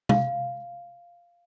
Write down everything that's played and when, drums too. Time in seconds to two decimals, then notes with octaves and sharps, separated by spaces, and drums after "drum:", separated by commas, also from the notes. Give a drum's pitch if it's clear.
0.09 F5, drum: tom